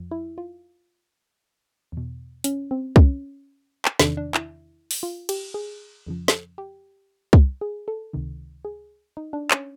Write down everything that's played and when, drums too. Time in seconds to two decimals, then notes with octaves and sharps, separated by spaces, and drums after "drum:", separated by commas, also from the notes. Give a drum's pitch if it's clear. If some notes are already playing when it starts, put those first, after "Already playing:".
Already playing: F2 F3
0.11 E4
0.38 F4
1.92 E2 B2
2.44 C#4, drum: hi-hat
2.71 C4
2.96 C#4, drum: kick
3.85 drum: clap
3.99 E2 C3 D#3 D4, drum: snare
4.17 D4
4.35 E4, drum: clap
4.91 drum: open hi-hat
5.03 F4
5.29 G4, drum: cymbal
5.54 G#4
6.06 F2 C#3 F3
6.28 drum: snare
6.58 G4
7.33 drum: kick
7.61 G#4
7.88 A4
8.13 C#2 C3 D#3
8.65 G#4
9.17 D#4
9.33 D4
9.51 C#4, drum: clap